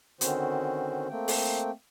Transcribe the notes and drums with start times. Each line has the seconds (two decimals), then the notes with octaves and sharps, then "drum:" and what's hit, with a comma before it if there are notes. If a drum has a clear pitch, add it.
0.21 D3 D#3 C4 C#4 F#4 C5, drum: hi-hat
1.09 A3 A#3 C4 G5
1.28 drum: open hi-hat